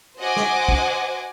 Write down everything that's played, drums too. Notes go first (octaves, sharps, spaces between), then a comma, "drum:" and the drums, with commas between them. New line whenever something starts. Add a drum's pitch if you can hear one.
F#4 C5 D#5 F#5 G#5 D6
drum: snare
drum: kick